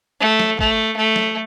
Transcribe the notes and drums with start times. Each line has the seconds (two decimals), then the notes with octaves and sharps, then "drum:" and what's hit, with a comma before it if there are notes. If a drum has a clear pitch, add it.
0.20 A3
0.40 drum: snare
0.59 A3, drum: kick
0.97 A3
1.16 drum: snare